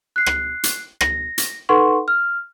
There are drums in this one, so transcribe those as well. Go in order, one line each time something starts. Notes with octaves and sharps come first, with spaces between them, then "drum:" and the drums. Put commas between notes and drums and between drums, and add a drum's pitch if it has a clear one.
F#6 C7
drum: rim click
drum: hi-hat
A#6, drum: rim click
drum: hi-hat
D#4 A4 B4 F#5 C6 C#6
F6